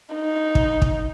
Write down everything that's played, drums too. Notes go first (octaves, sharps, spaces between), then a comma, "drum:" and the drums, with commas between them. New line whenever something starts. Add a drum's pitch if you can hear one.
D#4
drum: kick
drum: kick